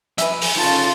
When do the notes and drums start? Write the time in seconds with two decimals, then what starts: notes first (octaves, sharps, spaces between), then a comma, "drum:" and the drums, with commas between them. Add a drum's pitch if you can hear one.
0.18 F3 B4 E5 G#5, drum: hi-hat
0.42 drum: open hi-hat
0.57 C#3 D#4 F4 A4 A5